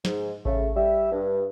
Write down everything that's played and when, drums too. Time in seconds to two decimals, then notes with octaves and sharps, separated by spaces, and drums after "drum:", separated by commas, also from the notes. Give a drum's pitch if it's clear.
0.05 G#2, drum: snare
0.45 C#3 A3, drum: kick A1
0.76 G3 E5
1.12 G2